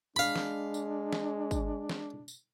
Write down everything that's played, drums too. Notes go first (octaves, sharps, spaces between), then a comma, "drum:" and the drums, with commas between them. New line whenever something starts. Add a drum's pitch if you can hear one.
G#3 D4 F5 B5
drum: snare
drum: tambourine
drum: snare
drum: kick, tambourine
drum: snare
drum: tambourine